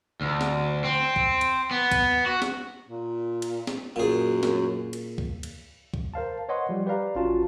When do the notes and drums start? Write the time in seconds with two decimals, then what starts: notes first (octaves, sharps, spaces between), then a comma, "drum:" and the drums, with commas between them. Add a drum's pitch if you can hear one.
0.21 D2
0.41 drum: snare
0.84 C4
1.16 drum: kick
1.41 drum: cymbal
1.71 B3
1.92 drum: kick, cymbal
2.26 F#4
2.42 drum: snare
2.89 A#2
3.42 drum: cymbal
3.67 drum: snare
3.96 F#2 A#2 G#4
4.43 drum: snare
4.93 drum: cymbal
5.18 drum: kick
5.43 drum: cymbal
5.94 drum: kick
6.14 A#4 C5 F5 A5
6.49 B4 C#5 D#5 F#5 C6
6.69 F3 G3
6.86 G4 B4 D5 F5 A#5
7.15 A1 C#4 F4 F#4 A5